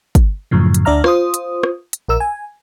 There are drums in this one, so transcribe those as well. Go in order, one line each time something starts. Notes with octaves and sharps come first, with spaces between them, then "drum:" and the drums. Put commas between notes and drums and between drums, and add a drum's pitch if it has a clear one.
drum: kick, hi-hat
F#2 A2 C#3 F3
drum: hi-hat
D2 D4 D5 E5 A#5 F6
F4 C5 D#6, drum: rim click
drum: hi-hat
drum: rim click
drum: hi-hat
A#1 A#4 E6
G#5